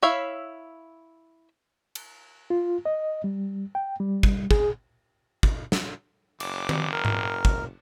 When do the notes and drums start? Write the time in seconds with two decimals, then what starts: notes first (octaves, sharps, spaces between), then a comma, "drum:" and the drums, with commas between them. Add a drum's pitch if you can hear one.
0.02 E4 C#5 E5 F5
1.95 drum: cymbal
2.50 F4
2.86 D#5
3.24 G3
3.75 G5
4.00 G3
4.23 drum: kick
4.51 G#4, drum: kick
5.43 drum: kick
5.72 drum: snare
6.40 F#1 D6, drum: cymbal
6.69 drum: tom D#3
6.93 A#4
7.05 drum: tom G#2
7.45 drum: kick